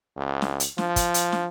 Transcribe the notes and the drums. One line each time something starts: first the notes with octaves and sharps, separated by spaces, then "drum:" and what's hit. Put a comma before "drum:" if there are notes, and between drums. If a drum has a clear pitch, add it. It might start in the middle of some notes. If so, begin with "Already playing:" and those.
C#2
drum: snare
drum: hi-hat
F3, drum: snare
drum: kick, hi-hat
drum: hi-hat
drum: snare